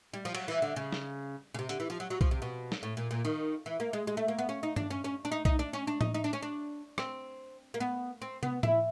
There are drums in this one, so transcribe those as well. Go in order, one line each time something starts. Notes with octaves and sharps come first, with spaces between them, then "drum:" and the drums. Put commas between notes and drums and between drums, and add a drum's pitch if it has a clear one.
G3
F3
F#3, drum: cymbal
E3
D3
C#3
drum: snare
C#3
C3
D3, drum: hi-hat
E3
F3
F#3
F#3
F3, drum: kick B1
C3
B2
drum: snare
A2
A#2
A#2
D#3
E3
A#3
G#3
G#3
A3
A#3
B3
C#4
D#4
D4, drum: tom G2
C#4
C#4
D4
D#4
D#4, drum: kick B1
D4
C#4
D4
D#4, drum: tom A2
D#4
D4
C#4
D4
C4, drum: rim click
A#3
B3
C4
B3, drum: tom
E4, drum: tom A2